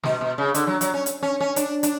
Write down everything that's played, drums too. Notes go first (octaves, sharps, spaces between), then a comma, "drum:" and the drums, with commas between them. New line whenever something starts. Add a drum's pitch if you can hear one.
B2, drum: snare
B2
C#3
D3, drum: hi-hat
F#3
F#3, drum: hi-hat
C#4
drum: hi-hat
C#4
C#4
D4, drum: hi-hat
D4, drum: hi-hat